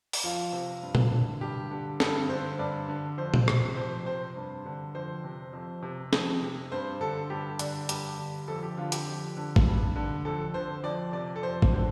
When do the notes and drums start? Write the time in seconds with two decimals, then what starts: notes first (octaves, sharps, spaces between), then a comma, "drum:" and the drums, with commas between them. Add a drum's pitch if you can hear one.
0.13 drum: open hi-hat
0.24 F2 F4
0.53 C3
0.82 G2
0.95 drum: tom A#2
1.11 D3
1.41 G2 G4
1.71 D3
2.00 G2 A4, drum: snare
2.29 D3 C5
2.59 G2 D5
2.88 D3
3.18 F2 C5
3.34 drum: tom A#2
3.48 C3, drum: rim click
3.77 F2 C5
4.06 C3 C5
4.36 G2
4.66 D3
4.95 F2 C5
5.24 C3
5.53 F2
5.83 C3
6.13 F2, drum: snare
6.42 C3
6.72 G2 C5
7.01 D3 A4
7.30 G2 G4
7.59 D3 D4, drum: hi-hat
7.89 G2 G4, drum: hi-hat
8.19 D3
8.48 F2 A4
8.63 G4
8.77 D3 F4
8.92 G4, drum: hi-hat
9.07 F2
9.37 D3
9.56 drum: kick A1
9.66 G2
9.96 D3
10.25 F2 A4
10.54 D3 C5
10.83 F2 D5
11.13 C3 D5
11.36 A4
11.42 F2 C5
11.62 C5, drum: kick A1
11.72 D3